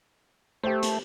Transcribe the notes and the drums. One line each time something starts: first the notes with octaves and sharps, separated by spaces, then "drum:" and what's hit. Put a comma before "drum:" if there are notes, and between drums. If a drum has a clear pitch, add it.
A3 G4 C5
drum: hi-hat